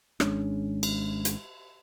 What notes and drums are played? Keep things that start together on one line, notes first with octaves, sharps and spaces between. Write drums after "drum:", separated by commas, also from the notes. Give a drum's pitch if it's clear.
G#1 G#3 C#4 D4, drum: rim click
drum: cymbal
drum: hi-hat